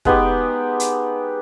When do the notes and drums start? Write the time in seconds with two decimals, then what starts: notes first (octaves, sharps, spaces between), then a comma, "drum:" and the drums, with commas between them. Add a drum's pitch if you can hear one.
0.05 G#3 B3 D#4 G4, drum: kick
0.80 drum: hi-hat